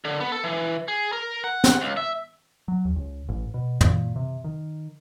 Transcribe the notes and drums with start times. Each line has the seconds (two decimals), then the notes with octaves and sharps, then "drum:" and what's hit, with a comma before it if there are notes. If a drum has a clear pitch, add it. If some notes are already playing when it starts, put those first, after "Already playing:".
0.05 D3
0.20 B3
0.32 A4
0.44 E3
0.88 G#4
1.12 A#4
1.44 F#5
1.64 drum: snare
1.82 C#2
1.97 E5
2.68 F#3
2.85 D#2
2.96 C#2
3.29 A1
3.54 B2
3.81 A#2, drum: tom
4.16 C3
4.44 D#3